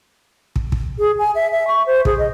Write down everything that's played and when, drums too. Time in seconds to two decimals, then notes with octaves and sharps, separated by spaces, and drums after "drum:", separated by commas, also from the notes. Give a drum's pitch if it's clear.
0.56 drum: kick
0.72 drum: kick
0.99 G#4
1.19 G#5
1.35 E5
1.52 E5
1.68 C#6
1.87 C5
2.05 G#4, drum: kick
2.19 D#5